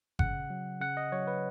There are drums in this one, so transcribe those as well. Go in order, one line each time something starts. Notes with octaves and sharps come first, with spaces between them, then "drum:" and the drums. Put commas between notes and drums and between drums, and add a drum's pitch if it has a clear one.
C#3 F#5, drum: kick G1
F#3
C#3 F#5
D#5
F#3 C#5
B4